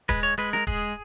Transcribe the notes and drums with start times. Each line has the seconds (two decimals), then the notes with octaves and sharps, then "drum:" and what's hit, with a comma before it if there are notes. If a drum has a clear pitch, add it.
0.09 G#3 B4, drum: kick
0.23 C#5
0.38 G#3 B4
0.53 A#4, drum: rim click
0.67 G#3 G#4, drum: kick